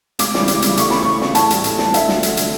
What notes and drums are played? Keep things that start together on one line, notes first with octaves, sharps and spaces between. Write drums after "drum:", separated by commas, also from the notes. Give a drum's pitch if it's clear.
C#2 D6, drum: hi-hat
C#3 E3 G3, drum: snare
C#2, drum: hi-hat
C#3 E3 G3, drum: hi-hat
D2 C#6, drum: hi-hat
C#3 E3 B5, drum: snare
D2 C#6
C#3 E3, drum: snare
A2 A5, drum: hi-hat
E3 G3, drum: hi-hat
A2, drum: hi-hat
E3 G3, drum: snare
D2 E5, drum: hi-hat
D3 F#3, drum: snare
D2, drum: hi-hat
D3 F#3, drum: hi-hat